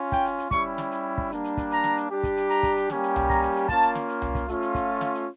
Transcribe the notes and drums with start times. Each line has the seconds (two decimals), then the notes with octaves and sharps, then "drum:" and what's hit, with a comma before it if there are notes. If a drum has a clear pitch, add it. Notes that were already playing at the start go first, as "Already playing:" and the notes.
Already playing: C#4 F4
0.12 G5, drum: kick, hi-hat
0.25 drum: hi-hat
0.38 drum: hi-hat
0.51 G3 C#4 E4 G4 C#6, drum: kick, hi-hat
0.78 drum: snare
0.91 drum: hi-hat
1.18 drum: kick
1.31 G3 A#3 D4, drum: hi-hat
1.44 drum: hi-hat
1.57 drum: kick, hi-hat
1.71 A#5, drum: hi-hat
1.84 drum: snare
1.97 drum: hi-hat
2.10 G3 D4 G4
2.23 drum: kick, hi-hat
2.37 drum: hi-hat
2.50 A#5, drum: hi-hat
2.63 drum: kick, hi-hat
2.76 drum: hi-hat
2.90 G3 A#3 C#4 G4, drum: snare
3.03 drum: hi-hat
3.16 drum: tom C2
3.30 A#5, drum: kick, hi-hat
3.42 drum: hi-hat
3.56 drum: hi-hat
3.69 A#3 C#4 F4 A5, drum: kick, hi-hat
3.82 drum: hi-hat
3.95 drum: snare
4.08 drum: hi-hat
4.22 drum: tom C2
4.35 drum: kick, hi-hat
4.48 A3 C#4 F4, drum: hi-hat
4.61 drum: hi-hat
4.75 drum: kick, hi-hat
5.01 drum: snare
5.14 drum: hi-hat